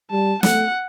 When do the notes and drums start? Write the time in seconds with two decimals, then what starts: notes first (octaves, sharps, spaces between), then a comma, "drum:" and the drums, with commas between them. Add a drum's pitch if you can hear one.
0.11 G3 A5
0.43 A3 F#5, drum: snare